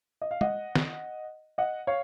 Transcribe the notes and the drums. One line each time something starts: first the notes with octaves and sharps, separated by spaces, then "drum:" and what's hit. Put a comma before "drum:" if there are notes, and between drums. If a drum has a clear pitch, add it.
D#5
F5
D#5 F#5, drum: tom
drum: snare
D#5 F#5
C#5 F5